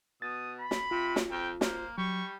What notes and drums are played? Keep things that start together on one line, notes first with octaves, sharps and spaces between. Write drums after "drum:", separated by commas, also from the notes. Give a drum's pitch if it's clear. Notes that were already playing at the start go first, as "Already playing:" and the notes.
B2 D#6 A6
B5
drum: snare
C3 F4
drum: snare
F2 G5
A#3 C5, drum: snare
F#3 G3 C#6